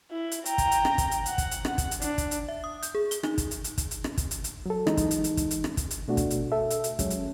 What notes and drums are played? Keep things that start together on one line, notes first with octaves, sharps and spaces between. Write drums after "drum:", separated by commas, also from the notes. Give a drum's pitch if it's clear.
E4
drum: hi-hat
G5 A#5, drum: hi-hat
drum: kick, hi-hat
drum: hi-hat
drum: rim click
drum: kick, hi-hat
drum: hi-hat
F#5, drum: hi-hat
drum: kick, hi-hat
drum: hi-hat
drum: rim click
drum: kick, hi-hat
drum: hi-hat
D4, drum: hi-hat
drum: kick, hi-hat
drum: hi-hat
E5
D#6
G6, drum: hi-hat
G#4
G7, drum: hi-hat
D#4, drum: rim click
drum: kick, hi-hat
drum: hi-hat
drum: hi-hat
drum: kick, hi-hat
drum: hi-hat
drum: rim click
drum: kick, hi-hat
drum: hi-hat
drum: hi-hat
F#3 A4
E3 G#3 D#4, drum: rim click
drum: kick, hi-hat
drum: hi-hat
drum: hi-hat
drum: kick, hi-hat
drum: hi-hat
drum: rim click
drum: kick, hi-hat
drum: hi-hat
B2 A3 D4 F#4
drum: kick, hi-hat
drum: hi-hat
A4 E5
drum: hi-hat
drum: hi-hat
F#3 G#3 C#4, drum: kick, hi-hat
drum: hi-hat